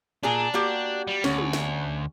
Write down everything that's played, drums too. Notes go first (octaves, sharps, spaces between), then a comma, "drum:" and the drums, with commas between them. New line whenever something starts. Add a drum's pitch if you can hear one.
A#2 D4 G#4 A#5
A#3 F#4 G4
G3
D2 C#4, drum: snare
drum: tom
drum: snare